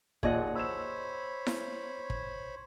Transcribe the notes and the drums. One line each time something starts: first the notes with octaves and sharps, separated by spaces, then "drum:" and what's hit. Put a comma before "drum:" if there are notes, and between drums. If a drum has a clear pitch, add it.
D#2 A#2 G#4 D5 D#5 F#5, drum: kick
C5 C#5 B5 E6 E7
drum: snare E4
drum: kick